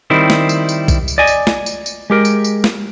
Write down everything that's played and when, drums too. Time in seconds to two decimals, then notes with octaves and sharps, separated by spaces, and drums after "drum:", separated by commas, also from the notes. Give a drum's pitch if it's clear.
0.10 D#3 G3 C4 E4
0.30 drum: snare
0.49 drum: tambourine
0.69 drum: tambourine
0.88 drum: kick B1, tambourine
1.08 drum: tambourine
1.18 D5 D#5 G#5
1.27 drum: tambourine
1.47 drum: snare
1.66 drum: tambourine
1.86 drum: tambourine
2.10 G#3 G4 A#4
2.25 drum: tambourine
2.44 drum: tambourine
2.64 drum: snare